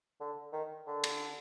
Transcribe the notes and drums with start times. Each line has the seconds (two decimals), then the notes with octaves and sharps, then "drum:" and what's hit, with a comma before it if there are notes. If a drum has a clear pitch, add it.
0.20 D3
0.53 D#3
0.87 D3
1.04 drum: cymbal